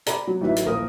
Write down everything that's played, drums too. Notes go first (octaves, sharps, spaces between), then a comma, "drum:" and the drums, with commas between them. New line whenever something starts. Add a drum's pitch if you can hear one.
G4 D5 A#5 B5, drum: hi-hat
F#3
A1 D#3 F#3 B4 E5
drum: hi-hat
D#1 A#1 A#4 F5 D#6